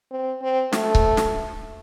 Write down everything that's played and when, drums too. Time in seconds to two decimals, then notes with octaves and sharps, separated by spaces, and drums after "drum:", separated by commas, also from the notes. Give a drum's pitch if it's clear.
0.11 C4
0.42 C4
0.73 A3, drum: snare
0.95 drum: kick C#1
1.17 drum: snare